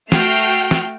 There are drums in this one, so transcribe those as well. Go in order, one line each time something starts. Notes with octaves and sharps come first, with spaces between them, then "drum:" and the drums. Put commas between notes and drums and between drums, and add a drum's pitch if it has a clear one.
A3 F#4 G5 F6 C7, drum: snare
drum: snare